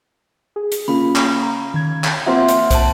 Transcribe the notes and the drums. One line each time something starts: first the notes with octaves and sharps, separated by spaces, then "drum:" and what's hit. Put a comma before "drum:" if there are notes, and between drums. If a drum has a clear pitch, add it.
G#4
drum: hi-hat
C#3 A#3 C#4 F4 B5
drum: clap
A#5
D#3 G#6
drum: clap
F3 A#3 C4 E5 F#5 C6
drum: hi-hat
C5 A5, drum: kick, hi-hat